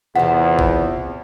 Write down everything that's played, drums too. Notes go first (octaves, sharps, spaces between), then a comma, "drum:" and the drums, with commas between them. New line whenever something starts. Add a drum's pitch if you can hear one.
E2 C3 F3 F#5
drum: kick A1